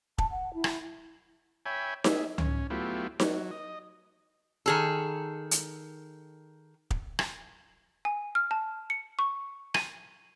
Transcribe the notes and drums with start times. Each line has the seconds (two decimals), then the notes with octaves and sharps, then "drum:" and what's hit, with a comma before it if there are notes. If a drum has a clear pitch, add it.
0.18 A5, drum: kick
0.31 F#5
0.54 E4
0.64 drum: rim click
1.66 C#5 E5 G5 G#5 B5
2.04 G#4 E5, drum: snare D#4
2.38 C#4, drum: tom C#2
2.70 F#3 A3 B3 E4 F4 G4
3.20 F#3, drum: snare D#4
3.51 D#5
4.66 D#3 G#4 A4
5.51 drum: hi-hat
6.91 drum: kick
7.19 drum: rim click
8.05 G#5
8.35 F6
8.51 A5
8.90 C#7
9.19 C#6
9.74 D#7, drum: rim click